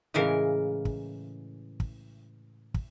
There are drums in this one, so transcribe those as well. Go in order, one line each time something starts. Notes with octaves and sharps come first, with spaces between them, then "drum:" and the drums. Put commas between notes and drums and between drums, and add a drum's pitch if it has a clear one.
A2 C#3 E3 G#3 A#4 F5
drum: kick
drum: kick
drum: kick